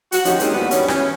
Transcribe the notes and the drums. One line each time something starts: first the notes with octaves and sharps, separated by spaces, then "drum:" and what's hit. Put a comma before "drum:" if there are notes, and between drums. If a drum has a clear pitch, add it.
F#4, drum: hi-hat
D2 D#3 F3 C#4 D#4 G4, drum: hi-hat
D#3 G#3 A#3 C4 C#4 D#4, drum: hi-hat
D#2 E3 G3 B3 F#4
G2 G3 B3 C#4, drum: hi-hat
E3 C#4, drum: rim click